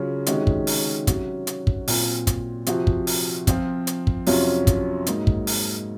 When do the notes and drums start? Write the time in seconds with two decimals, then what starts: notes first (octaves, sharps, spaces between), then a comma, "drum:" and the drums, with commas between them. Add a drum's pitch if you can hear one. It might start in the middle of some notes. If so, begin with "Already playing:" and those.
Already playing: C#3 F#3 C#4 F4
0.26 C3 D#3 G#3 C#4 F#4, drum: hi-hat
0.47 drum: kick
0.67 drum: open hi-hat
1.07 C3 F#3 C#4 F#4, drum: kick, hi-hat
1.47 drum: hi-hat
1.67 drum: kick
1.88 A#2 F#3 C4 F4, drum: open hi-hat
2.27 drum: kick, hi-hat
2.66 C3 F3 C4 F#4, drum: hi-hat
2.87 drum: kick
3.07 drum: open hi-hat
3.47 F3 C4 F4, drum: kick, hi-hat
3.87 drum: hi-hat
4.07 drum: kick
4.26 F2 C3 F#3 C#4 F4, drum: open hi-hat
4.67 drum: kick, hi-hat
5.06 G#2 F#3 A#3 D#4, drum: hi-hat
5.27 drum: kick
5.47 drum: open hi-hat